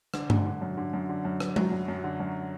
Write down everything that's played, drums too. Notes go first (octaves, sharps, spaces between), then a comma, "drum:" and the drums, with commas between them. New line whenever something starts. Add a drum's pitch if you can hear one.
D3, drum: rim click
D3, drum: tom G2
D3
F#2
D3
F#2
D3
F#2
F#2, drum: rim click
F#3, drum: tom G#3
F#2
F#2
D3
F#2